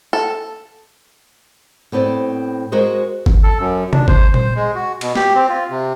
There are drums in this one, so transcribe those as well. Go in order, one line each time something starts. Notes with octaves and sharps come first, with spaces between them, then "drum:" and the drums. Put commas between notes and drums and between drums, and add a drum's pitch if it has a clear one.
A4
A2 B3 C4 D5
G#3 F#4 A#4 C5 D#5
drum: kick G#1
A4
F#2
D4, drum: tom C3
C5, drum: kick G#1
C5, drum: tom A#2
G#3
F#4
B2, drum: cymbal
G4, drum: snare
C4
F4
C3